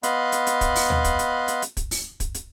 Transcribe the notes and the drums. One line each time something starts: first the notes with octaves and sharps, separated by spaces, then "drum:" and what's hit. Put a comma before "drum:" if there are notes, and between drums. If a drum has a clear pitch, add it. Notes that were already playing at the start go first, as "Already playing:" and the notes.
B3 D#5 F5 B5 C6 F#6, drum: hi-hat
drum: hi-hat
drum: hi-hat
drum: kick, hi-hat
drum: open hi-hat
drum: tom D2
drum: kick, hi-hat
drum: hi-hat
drum: hi-hat
drum: hi-hat
drum: kick, hi-hat
drum: open hi-hat
drum: kick, hi-hat
drum: hi-hat